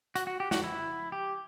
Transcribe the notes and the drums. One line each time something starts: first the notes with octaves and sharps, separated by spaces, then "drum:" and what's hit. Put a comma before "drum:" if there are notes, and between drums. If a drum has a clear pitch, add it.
F#4, drum: hi-hat
F#4
G4
F#4, drum: snare
E4
G4